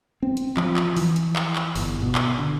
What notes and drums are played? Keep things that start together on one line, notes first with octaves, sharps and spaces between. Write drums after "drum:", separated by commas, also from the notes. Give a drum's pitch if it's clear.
C4
drum: hi-hat
F3, drum: clap
drum: clap
E3, drum: open hi-hat
drum: hi-hat
drum: clap
drum: clap
G1, drum: open hi-hat
B2
drum: clap
D3